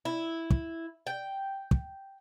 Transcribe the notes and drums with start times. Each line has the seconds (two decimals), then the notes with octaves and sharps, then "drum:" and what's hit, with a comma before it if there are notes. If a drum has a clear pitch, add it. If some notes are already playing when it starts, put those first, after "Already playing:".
0.05 E4
0.51 drum: kick
1.07 G5
1.71 drum: kick